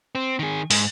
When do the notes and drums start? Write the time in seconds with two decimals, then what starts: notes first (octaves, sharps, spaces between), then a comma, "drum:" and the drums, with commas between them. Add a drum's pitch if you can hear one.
0.15 C4
0.39 D#3 G#4
0.71 G#2, drum: open hi-hat